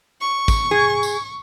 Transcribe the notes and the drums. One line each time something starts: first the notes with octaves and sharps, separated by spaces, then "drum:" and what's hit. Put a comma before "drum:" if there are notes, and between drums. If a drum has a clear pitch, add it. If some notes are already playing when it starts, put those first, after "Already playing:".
C#6
drum: kick, tambourine
G#4
drum: tambourine